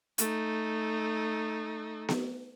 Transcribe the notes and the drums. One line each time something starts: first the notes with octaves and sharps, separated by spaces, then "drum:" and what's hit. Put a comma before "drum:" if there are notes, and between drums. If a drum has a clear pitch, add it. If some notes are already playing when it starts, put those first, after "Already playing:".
A3 D#4, drum: hi-hat
drum: snare B3